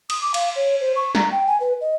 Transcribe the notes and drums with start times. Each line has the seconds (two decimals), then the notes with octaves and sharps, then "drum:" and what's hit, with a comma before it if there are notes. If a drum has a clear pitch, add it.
0.10 D#6, drum: cymbal
0.22 D6
0.34 F5, drum: cymbal
0.56 C#5
0.81 C5
0.96 C#6
1.15 A#5, drum: snare
1.32 G5
1.47 G#5
1.60 B4
1.81 D#5